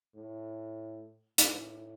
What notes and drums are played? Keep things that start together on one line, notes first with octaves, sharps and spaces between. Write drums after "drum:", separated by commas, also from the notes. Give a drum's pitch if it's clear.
A2
A2, drum: hi-hat